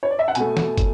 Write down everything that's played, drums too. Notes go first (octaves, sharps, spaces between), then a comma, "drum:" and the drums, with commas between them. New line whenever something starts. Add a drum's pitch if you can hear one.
C#5
D5
E5
F#5
B2 A3 G#5, drum: hi-hat
drum: snare
drum: kick, hi-hat